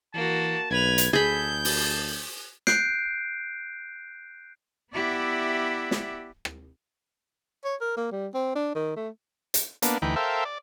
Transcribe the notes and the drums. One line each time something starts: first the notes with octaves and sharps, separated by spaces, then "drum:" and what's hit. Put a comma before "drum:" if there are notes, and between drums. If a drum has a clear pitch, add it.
E3 A#3 F#4 A5
B1 B4 G#6 F7
drum: hi-hat
D2 G#4 A4 B5 G6
A5, drum: open hi-hat
F#6 G6 C7 D7, drum: snare
B3 E4 G4 D5 E5 F#5
drum: snare
drum: rim click
C#5
A#4
A#3
G3
C4
D4
D#3
A3
drum: hi-hat
A#3 B3 D4, drum: hi-hat
D2 E3 D#4 G5 B5
A4 A#4 C5 E5 F5 G5
D5